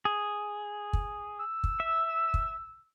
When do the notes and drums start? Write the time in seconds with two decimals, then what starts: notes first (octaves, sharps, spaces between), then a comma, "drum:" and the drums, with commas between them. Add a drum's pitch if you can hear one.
0.05 G#4
0.93 drum: kick
1.40 E6
1.64 drum: kick
1.80 E5
2.34 drum: kick